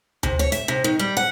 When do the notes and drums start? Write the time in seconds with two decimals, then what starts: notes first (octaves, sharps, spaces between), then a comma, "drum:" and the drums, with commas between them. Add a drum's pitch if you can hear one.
0.23 C3, drum: tom D2
0.39 C#5
0.52 E5, drum: hi-hat
0.68 C3
0.84 D#3
0.99 G3
1.17 F#5